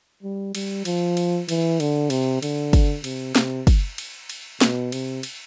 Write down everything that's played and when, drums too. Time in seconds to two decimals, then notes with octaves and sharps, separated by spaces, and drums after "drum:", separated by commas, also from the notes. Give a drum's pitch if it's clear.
0.23 G3
0.55 G3, drum: cymbal
0.85 F3, drum: cymbal
1.17 drum: cymbal
1.49 E3, drum: cymbal
1.80 D3, drum: cymbal
2.10 C3, drum: cymbal
2.42 D3, drum: cymbal
2.73 drum: kick, cymbal
3.04 C3, drum: cymbal
3.36 C3, drum: snare
3.67 drum: kick, cymbal
3.98 drum: cymbal
4.29 drum: cymbal
4.61 B2, drum: snare
4.92 C3, drum: cymbal
5.23 drum: cymbal